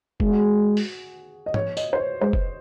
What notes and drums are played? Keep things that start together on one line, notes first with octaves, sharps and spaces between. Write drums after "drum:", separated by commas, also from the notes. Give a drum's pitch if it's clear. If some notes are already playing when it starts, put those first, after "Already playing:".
G#3 G#4, drum: kick F1
F#4
G#4
drum: open hi-hat
D#5
C#5, drum: tom G#2
D#5, drum: tambourine
C5
C#5
G#3 C5
drum: kick F1